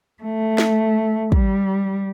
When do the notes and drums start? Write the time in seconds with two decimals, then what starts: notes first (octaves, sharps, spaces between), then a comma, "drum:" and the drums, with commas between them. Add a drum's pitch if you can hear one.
0.21 A3
0.58 drum: snare
1.32 G3, drum: kick